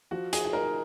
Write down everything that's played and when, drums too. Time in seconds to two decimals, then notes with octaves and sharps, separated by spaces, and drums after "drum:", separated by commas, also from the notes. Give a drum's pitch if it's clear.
0.11 F3 F#4
0.33 G#4, drum: hi-hat
0.45 G#4
0.53 D#4 A#4